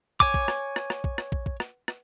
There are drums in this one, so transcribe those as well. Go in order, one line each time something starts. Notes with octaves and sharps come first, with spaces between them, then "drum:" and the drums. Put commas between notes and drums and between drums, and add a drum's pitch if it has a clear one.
C#5 G#5 D6, drum: kick
drum: kick
drum: rim click
drum: rim click
drum: rim click
drum: kick
drum: rim click
drum: kick
drum: kick
drum: rim click
drum: rim click